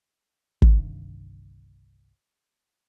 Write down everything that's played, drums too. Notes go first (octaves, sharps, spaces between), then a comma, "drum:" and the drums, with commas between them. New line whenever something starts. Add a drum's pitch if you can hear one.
G1 C2 G2 D#3, drum: kick